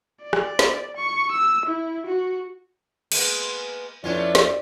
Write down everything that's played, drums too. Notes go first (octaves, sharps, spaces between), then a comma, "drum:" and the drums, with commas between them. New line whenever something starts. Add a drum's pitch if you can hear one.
D5
drum: rim click
drum: snare
C#6
E6
E4
F#4
G#3 A#3 B3, drum: cymbal
F2 A3 B3 C#4 D4 E4 F4 D5
drum: snare